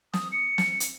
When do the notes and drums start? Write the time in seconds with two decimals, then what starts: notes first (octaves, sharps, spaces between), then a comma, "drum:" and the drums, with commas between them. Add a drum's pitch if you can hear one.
0.13 D#6, drum: snare
0.32 C#7
0.58 drum: snare
0.80 drum: hi-hat